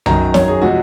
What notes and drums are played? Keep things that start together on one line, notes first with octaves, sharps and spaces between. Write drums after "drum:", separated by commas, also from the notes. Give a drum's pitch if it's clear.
F#2 D#3 F#3 A#5, drum: tom
C#5, drum: snare
G#4
C3 F3 G#3 F#4